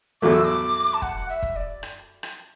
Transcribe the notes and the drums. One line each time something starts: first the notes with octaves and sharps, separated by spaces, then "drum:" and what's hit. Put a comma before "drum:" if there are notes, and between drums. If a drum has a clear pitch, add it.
E2 D3 F#3 A3 D6
E6
D6
A5
F#5, drum: kick
E5
drum: kick
D5
drum: rim click
drum: rim click